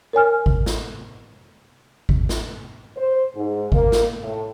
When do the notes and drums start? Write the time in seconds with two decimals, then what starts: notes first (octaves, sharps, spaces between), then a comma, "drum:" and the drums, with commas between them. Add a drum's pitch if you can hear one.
0.13 A#4 C#5 G#5 F6
0.46 drum: kick G#1
0.66 drum: snare
2.09 drum: kick G#1
2.29 drum: snare
2.97 C5
3.35 G#2
3.72 A#3, drum: kick G#1
3.92 drum: snare
4.22 A2